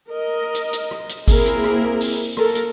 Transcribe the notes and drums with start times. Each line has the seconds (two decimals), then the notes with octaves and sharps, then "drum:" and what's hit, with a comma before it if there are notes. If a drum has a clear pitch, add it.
0.11 A#4 D#5
0.55 drum: hi-hat
0.73 drum: hi-hat
0.91 drum: rim click
1.09 drum: hi-hat
1.28 A#3 C4 E4 G#4 A#4, drum: kick G#1, open hi-hat
1.46 drum: hi-hat
1.64 drum: rim click
2.01 drum: open hi-hat
2.37 A#3 A4 A#4, drum: rim click
2.55 drum: hi-hat